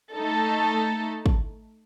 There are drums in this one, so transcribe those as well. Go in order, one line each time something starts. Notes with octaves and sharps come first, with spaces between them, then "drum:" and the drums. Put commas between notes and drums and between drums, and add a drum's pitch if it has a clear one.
A3 D#4 A4
drum: kick